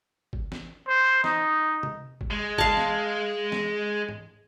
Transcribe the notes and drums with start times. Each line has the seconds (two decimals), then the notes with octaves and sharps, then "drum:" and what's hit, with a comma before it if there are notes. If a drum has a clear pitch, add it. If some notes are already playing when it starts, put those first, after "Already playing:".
0.33 drum: kick G1
0.52 drum: snare
0.88 C5
1.24 D#4, drum: snare
1.83 drum: tom C3
2.21 drum: kick G1
2.31 G#3
2.58 F5 A5, drum: kick G1
2.77 drum: snare
3.52 drum: snare
4.09 drum: tom G#2